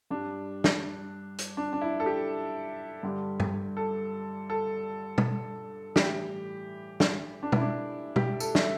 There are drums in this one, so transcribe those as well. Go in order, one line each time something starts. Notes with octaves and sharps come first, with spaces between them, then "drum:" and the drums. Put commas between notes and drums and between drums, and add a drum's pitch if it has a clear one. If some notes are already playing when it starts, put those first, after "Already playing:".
G2 G3 D4
drum: snare
drum: hi-hat
D4
D4
E4
A4
G4
G2 D3 G3
drum: tom
A4
A4
drum: tom
A2 E3 G3 G4, drum: snare
drum: snare
D4
E4, drum: tom
D4
G4, drum: tom
A4, drum: tambourine
E5, drum: snare